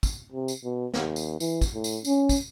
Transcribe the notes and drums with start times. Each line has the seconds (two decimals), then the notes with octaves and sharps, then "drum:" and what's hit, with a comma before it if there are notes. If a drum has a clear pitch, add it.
0.03 drum: kick, tambourine
0.32 C3
0.48 drum: tambourine
0.64 B2
0.94 D#2, drum: snare
1.16 drum: tambourine
1.40 E3, drum: tambourine
1.61 drum: kick, tambourine
1.74 A2
1.84 drum: tambourine
2.05 C#4, drum: tambourine
2.29 drum: kick, tambourine